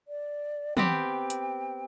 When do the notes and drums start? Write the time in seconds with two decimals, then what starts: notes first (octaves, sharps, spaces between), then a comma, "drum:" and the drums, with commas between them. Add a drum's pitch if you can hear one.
0.08 D5
0.77 B3 C4 G4 G5, drum: tom
1.30 drum: hi-hat